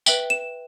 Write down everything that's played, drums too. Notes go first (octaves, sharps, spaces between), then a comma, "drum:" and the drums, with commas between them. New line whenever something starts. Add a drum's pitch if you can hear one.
B4 E5 G5 F#7, drum: tambourine
E7